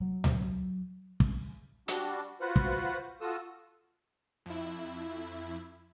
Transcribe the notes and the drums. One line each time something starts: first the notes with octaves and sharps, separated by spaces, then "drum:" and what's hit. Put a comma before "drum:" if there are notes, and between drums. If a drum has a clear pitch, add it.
F#3
drum: tom C#2
drum: kick
G3 D4 F#4, drum: hi-hat
F4 F#4 B4 C5 F#5
drum: kick
F4 F#4 A4 D#6 E6
F2 E4